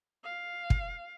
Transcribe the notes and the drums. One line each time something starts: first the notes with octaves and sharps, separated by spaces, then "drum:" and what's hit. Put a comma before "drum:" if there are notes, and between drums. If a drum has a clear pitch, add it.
F5
drum: kick